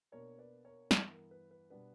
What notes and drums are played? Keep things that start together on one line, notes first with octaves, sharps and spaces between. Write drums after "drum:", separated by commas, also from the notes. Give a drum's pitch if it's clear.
B2 A#3 D4 A#4 C#5
B4 D5
A#4 C#5
G2 E3 B3, drum: snare
A#4
B4
B4
B2 G3 B3 D4 B4